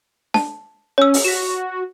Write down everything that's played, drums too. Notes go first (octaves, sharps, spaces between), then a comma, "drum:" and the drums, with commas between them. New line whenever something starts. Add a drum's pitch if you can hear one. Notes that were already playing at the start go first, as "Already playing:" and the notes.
A5, drum: snare D4
C#4 C#5 E6
drum: open hi-hat
F#4 B6 E7